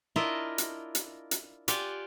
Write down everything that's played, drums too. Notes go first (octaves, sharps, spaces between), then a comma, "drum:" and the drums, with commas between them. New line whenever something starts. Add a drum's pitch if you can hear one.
D4 E4 F4 A#4 D#5
drum: hi-hat
drum: hi-hat
drum: hi-hat
F4 G4 D5 F5 F#5 G#5, drum: hi-hat